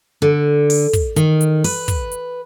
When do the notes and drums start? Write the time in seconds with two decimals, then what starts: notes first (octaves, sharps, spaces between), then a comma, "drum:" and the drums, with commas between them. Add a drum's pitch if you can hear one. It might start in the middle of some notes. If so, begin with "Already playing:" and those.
0.22 D3
0.70 drum: open hi-hat
0.93 drum: kick, hi-hat
1.16 D#3, drum: hi-hat
1.41 drum: hi-hat
1.64 B4, drum: open hi-hat
1.88 drum: kick, hi-hat
2.11 drum: hi-hat